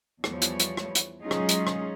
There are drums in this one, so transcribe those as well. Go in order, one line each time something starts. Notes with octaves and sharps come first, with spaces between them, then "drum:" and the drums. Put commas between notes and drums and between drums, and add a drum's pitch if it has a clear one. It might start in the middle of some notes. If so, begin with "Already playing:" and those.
E2 E3 F3 G3 C#5, drum: rim click
drum: hi-hat
drum: hi-hat
drum: rim click
drum: hi-hat
F#3 G#3 C#4 D#4 F4 G#4
drum: rim click
drum: hi-hat
drum: rim click